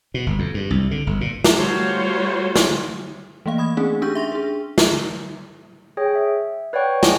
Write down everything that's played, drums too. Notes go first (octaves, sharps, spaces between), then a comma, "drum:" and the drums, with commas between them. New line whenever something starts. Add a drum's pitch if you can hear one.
B2
G1
F2
G2
C2
D3
G1
A#2
drum: snare
G3 A3 F4 F#4 C5 C#5
drum: snare
E3 A3 A#3 F5
B5 D#6 G#6
A3 C4 C#4 D#4 G#4
C#4 D4 G4 G#4 C#6 G6
E5 C6 A#6
D4 G#4
drum: snare
G#4 C#5 G5
E5
B4 C#5 D5 F#5 G5 C#6
D#5 F#5 G#5 A5, drum: snare